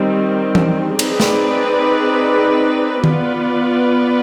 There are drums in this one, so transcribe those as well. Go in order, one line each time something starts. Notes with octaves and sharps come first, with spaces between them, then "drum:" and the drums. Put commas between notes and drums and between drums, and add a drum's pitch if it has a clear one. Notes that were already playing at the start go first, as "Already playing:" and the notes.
Already playing: D#3 G3 C4
drum: tom E3
C4 D#4 G#4 B4 D5, drum: cymbal
drum: snare
B3 F4 B4 D5, drum: tom D#3